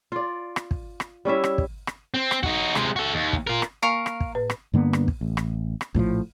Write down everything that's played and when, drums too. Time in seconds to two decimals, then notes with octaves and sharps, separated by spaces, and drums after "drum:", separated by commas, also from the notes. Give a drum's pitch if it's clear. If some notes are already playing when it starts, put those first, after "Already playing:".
0.12 F4 D5
0.56 drum: rim click
0.71 drum: kick
1.00 drum: rim click
1.25 G3 C#4 E4 E5
1.44 drum: rim click
1.58 drum: kick
1.87 drum: rim click
2.14 C4
2.31 drum: rim click
2.43 D#4 F#4, drum: kick
2.75 C3 G#3, drum: rim click
2.96 F#4 A4
3.14 D#2
3.33 drum: kick
3.47 F4 A#4
3.62 drum: rim click
3.82 A#3 A#4 F5 C#6
4.06 drum: rim click
4.20 drum: kick
4.35 A2 B4
4.50 drum: rim click
4.74 G2 D3 A#3 B3
4.93 drum: rim click
5.08 drum: kick
5.21 A1
5.37 drum: rim click
5.81 drum: rim click
5.95 A#1 A2 E3 F3, drum: kick